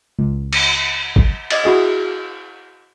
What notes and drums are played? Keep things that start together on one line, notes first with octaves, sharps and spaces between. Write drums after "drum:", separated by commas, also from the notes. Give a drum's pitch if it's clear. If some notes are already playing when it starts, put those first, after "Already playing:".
C#2
drum: cymbal
drum: kick G1
D5 D#5 G#6 A6, drum: cymbal
E4 F#4 G#4 D#5